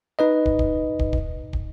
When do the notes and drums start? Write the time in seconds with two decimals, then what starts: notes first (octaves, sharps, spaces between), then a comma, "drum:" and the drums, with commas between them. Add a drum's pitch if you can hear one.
0.19 D#4 B4 D#5
0.46 drum: kick
0.59 drum: kick
0.99 drum: kick
1.13 drum: kick
1.53 drum: kick